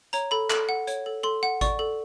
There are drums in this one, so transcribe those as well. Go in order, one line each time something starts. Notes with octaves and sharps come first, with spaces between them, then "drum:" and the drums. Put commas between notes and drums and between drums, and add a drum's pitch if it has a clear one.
C#5 A#5, drum: hi-hat
A4 B5
A4, drum: clap
F#5
C#5, drum: hi-hat
A4
A4 C6
F#5
D5 C#6, drum: kick G#1, hi-hat
A4